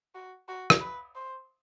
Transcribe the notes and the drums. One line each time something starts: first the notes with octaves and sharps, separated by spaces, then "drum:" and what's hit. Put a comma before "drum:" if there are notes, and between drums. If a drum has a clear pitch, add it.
F#4
F#4
drum: rim click
B4
C5